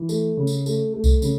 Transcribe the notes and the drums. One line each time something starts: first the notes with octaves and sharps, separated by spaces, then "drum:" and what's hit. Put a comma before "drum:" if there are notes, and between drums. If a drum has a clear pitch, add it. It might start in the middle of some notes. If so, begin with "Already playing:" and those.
Already playing: E3
A3, drum: tambourine
C#3
drum: tambourine
A3, drum: tambourine
A3
drum: kick C2, tambourine
C#3, drum: tambourine